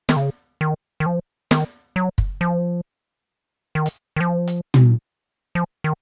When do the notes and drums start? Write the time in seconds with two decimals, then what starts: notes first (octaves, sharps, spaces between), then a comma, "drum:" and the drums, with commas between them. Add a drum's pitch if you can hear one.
0.09 D#3, drum: snare
0.17 C#3
0.61 D#3
1.00 D#3
1.06 F3
1.51 D#3, drum: snare
1.96 F#3
2.18 drum: kick
2.41 F3
3.75 D#3
3.86 drum: hi-hat
4.16 D#3
4.21 F3
4.48 drum: hi-hat
4.74 drum: tom
5.55 F3
5.84 D#3